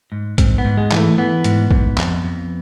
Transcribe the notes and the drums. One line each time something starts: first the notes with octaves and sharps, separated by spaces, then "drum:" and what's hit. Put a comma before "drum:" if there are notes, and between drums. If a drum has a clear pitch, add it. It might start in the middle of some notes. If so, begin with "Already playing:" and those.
G#2
G#2 C4, drum: kick A#1, hi-hat
B3
G#2
G#3
E3, drum: clap
A3
E3 B3
G#2, drum: hi-hat
G#2, drum: kick A#1
F2, drum: clap
F2